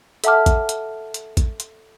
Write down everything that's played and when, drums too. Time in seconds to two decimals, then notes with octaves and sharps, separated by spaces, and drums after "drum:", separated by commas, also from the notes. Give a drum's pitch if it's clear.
0.24 A4 E5 F#5 A5 D6 F6, drum: hi-hat
0.46 drum: kick, hi-hat
0.69 drum: hi-hat
1.14 drum: hi-hat
1.37 drum: kick, hi-hat
1.60 drum: hi-hat